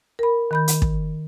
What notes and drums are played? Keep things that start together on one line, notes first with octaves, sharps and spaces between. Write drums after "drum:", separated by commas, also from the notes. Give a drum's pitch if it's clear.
A#4 B5
D#3 B5 G6
drum: hi-hat
drum: kick